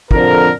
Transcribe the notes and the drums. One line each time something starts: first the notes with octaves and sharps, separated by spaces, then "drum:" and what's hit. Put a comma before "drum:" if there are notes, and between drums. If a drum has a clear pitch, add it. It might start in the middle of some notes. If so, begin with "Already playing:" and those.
F2 D3 F3 A#4, drum: kick